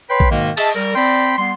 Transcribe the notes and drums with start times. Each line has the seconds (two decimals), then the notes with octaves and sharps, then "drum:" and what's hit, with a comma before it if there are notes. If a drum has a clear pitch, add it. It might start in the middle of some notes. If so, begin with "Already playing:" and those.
0.10 B4 C#5 G5 B5 C6
0.20 drum: kick A#1
0.31 G#2 B2 D#3 G#3 A#3
0.57 G#4 D#5 E5 A5, drum: cymbal
0.76 G3 A#4
0.96 C4 D5 G5 B5 C6
1.38 G3 B3 C6